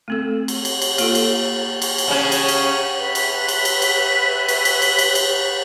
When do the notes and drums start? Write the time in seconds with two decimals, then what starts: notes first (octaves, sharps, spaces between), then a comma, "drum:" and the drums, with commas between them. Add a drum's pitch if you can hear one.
0.08 A3 C4 A4
0.48 drum: cymbal
0.65 drum: cymbal
0.82 drum: cymbal
0.98 A#3 F4 A4, drum: cymbal
1.15 drum: cymbal
1.82 drum: cymbal
1.98 drum: cymbal
2.08 C#3 C#4
2.32 drum: cymbal
2.48 drum: cymbal
2.99 B4 E5
3.15 drum: cymbal
3.48 drum: cymbal
3.65 drum: cymbal
3.82 drum: cymbal
4.48 drum: cymbal
4.65 drum: cymbal
4.82 drum: cymbal
4.99 drum: cymbal
5.15 drum: cymbal